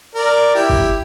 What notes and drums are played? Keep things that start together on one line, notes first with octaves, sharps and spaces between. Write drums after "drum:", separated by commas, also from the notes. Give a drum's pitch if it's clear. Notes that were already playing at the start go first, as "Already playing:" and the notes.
A#4 D5
E4 G4
drum: kick